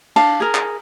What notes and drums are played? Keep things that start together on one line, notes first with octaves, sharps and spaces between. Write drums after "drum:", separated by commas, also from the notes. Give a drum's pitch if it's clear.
D4 F5 A5, drum: cymbal
G#4 A#4
drum: clap